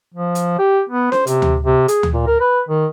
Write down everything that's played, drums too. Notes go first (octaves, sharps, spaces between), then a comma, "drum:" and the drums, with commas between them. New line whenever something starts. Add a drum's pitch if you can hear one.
F3
drum: hi-hat
G4
B3
C5, drum: snare C#4
C3, drum: hi-hat
drum: tom D2
C3
G#4, drum: hi-hat
drum: tom D2
A#2
A#4
B4
D#3